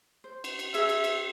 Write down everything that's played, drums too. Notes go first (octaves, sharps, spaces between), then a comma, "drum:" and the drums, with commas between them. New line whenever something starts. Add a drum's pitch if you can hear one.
C5
drum: cymbal
drum: cymbal
G#4 A#4 E5, drum: cymbal
drum: cymbal
drum: cymbal